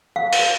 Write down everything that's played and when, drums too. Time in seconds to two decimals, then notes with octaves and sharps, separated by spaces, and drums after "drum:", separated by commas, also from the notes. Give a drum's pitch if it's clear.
0.16 F5
0.33 drum: open hi-hat